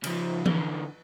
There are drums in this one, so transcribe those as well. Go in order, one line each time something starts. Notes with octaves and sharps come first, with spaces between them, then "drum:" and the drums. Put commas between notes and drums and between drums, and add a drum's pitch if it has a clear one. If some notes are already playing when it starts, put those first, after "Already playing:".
C#3 F3, drum: cymbal
D3 E3, drum: tom E3